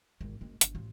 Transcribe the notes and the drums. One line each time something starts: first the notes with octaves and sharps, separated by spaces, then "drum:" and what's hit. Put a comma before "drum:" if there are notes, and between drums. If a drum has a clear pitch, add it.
G#1 E2
F#1 G#3
G1, drum: hi-hat
A1 F4